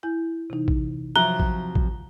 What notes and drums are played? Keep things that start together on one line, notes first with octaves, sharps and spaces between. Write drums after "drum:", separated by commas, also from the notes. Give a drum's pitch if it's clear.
E4 G#5 G6
C3 E3 D#4
drum: kick A1
C3 F3 F#3 E5 A#5 F#6 G7
drum: kick A1
drum: kick A1